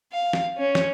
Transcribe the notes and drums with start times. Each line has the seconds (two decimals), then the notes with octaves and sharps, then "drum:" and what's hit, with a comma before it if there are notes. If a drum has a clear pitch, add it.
0.13 F5
0.33 drum: snare
0.58 C#4
0.75 drum: snare